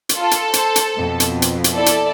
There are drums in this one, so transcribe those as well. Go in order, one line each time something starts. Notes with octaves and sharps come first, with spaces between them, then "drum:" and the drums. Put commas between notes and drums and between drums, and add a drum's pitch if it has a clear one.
drum: hi-hat
F4 A4
drum: hi-hat
C5 A5, drum: hi-hat
drum: hi-hat
F2 B2
drum: hi-hat
drum: hi-hat
drum: hi-hat
E4 A4 D5
drum: hi-hat